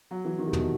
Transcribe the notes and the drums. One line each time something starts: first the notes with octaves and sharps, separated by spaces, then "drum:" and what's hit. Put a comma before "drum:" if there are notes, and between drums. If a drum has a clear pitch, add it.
F#3
E3
D#3
C3
B2, drum: tom